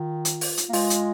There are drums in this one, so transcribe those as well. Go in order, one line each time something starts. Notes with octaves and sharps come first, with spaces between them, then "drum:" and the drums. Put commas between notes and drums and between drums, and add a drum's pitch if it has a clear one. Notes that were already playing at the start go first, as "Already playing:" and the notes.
Already playing: D#3 F4
drum: hi-hat
drum: open hi-hat
drum: hi-hat
A#3
G#3 F4, drum: open hi-hat
drum: hi-hat